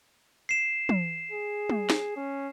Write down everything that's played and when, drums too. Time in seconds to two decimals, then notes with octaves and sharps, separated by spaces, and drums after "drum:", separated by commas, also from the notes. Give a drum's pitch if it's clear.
0.49 C7 E7
0.89 drum: tom
1.31 G#4
1.70 drum: tom
1.90 drum: snare
2.16 C#4